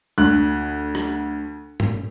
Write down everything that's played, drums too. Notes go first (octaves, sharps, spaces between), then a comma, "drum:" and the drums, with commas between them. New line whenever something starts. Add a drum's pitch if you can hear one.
D2 F#6
drum: rim click
drum: tom